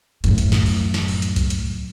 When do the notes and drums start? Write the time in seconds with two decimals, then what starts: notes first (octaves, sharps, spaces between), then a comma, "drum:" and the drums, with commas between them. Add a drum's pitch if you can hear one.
0.24 F#2 A2, drum: hi-hat
0.38 drum: kick C2, hi-hat
0.52 drum: snare
0.66 drum: open hi-hat
0.94 drum: snare
1.08 drum: open hi-hat
1.22 drum: hi-hat
1.36 drum: kick C2, hi-hat
1.50 drum: hi-hat